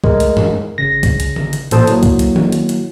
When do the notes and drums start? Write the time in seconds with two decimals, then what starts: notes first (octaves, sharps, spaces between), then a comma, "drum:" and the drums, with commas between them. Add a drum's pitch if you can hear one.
0.04 G#3 A3 A#4, drum: kick C2
0.20 drum: hi-hat
0.37 drum: tom F#2
0.78 G#1 C#3 A#6
1.03 drum: kick C2, hi-hat
1.20 drum: hi-hat
1.36 drum: tom D3
1.53 drum: hi-hat
1.71 A1 A#2 A4 C5 A5 D#6, drum: hi-hat
1.87 F#3 A#3 E4, drum: hi-hat
2.03 drum: kick C2, hi-hat
2.19 drum: hi-hat
2.36 drum: tom D#3
2.52 drum: hi-hat
2.69 drum: hi-hat